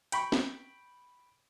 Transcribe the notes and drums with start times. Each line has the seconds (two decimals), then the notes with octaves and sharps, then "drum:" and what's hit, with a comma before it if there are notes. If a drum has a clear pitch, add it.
0.12 G5 B5 C#6, drum: hi-hat
0.32 drum: snare